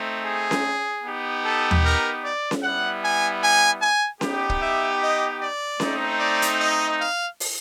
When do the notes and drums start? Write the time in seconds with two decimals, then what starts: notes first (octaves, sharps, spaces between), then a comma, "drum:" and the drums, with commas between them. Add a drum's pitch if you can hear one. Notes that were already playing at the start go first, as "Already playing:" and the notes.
Already playing: A3 C4 D#4
0.24 G#4
0.51 drum: snare C#4
1.04 B3 D#4 G4
1.43 A4
1.71 drum: tom D#2
1.83 A#4
2.23 D5
2.51 drum: snare C#4
2.63 G3 B3 E4 F#5
3.02 G#5
3.42 G#5
3.82 G#5
4.21 B3 D#4 G4, drum: snare C#4
4.50 drum: kick
4.61 E5
5.01 D#5
5.41 D5
5.80 A3 C4 D#4, drum: snare C#4
6.20 D5
6.42 drum: hi-hat
6.59 D#5
6.99 F5
7.40 drum: open hi-hat